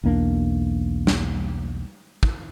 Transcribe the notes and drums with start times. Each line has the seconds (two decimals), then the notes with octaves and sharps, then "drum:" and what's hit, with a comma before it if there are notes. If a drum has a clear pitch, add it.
0.03 B1 E2 A#3 D4
1.07 drum: snare
2.23 drum: kick